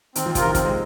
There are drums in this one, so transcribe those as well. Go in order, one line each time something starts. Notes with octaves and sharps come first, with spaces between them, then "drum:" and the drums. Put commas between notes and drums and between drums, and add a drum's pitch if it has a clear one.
D#3 C4, drum: hi-hat
F3
C3 F4 A#4, drum: kick, hi-hat
D#3
F3 C4, drum: kick, hi-hat
G#3